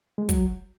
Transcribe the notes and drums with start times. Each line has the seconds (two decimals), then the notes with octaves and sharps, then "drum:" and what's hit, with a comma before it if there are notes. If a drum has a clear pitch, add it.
0.18 G#3
0.29 F#3, drum: kick, hi-hat